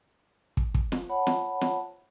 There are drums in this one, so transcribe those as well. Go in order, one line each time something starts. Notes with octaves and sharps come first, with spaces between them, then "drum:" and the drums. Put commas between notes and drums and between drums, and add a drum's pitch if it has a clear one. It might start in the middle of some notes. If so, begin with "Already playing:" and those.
drum: kick
drum: kick
drum: snare
C#5 F#5 A5 B5
drum: snare
drum: snare